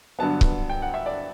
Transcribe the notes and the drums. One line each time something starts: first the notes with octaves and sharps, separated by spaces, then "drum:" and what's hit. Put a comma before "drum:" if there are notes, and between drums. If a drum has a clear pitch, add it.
G2 D3 F#3 B3 A5
drum: kick C#1
G5
F#5
E5
D5